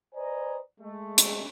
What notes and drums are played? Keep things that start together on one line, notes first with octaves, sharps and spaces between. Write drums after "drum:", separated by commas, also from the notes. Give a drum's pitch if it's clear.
B4 C5 D5 D#5 G#5 A#5
G#3 A3
drum: hi-hat